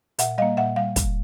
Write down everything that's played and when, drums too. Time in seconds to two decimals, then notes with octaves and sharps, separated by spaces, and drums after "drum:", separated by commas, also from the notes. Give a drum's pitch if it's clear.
0.19 A#2 E5 F#5, drum: hi-hat
0.38 G3 A#3 D#5 F5
0.57 A#2 E5 F#5
0.76 G3 F5
0.96 drum: kick, hi-hat